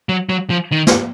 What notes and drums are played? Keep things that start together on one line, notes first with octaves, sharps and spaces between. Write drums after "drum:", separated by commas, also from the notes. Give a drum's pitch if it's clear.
F#3
F#3
F3
D#3
drum: snare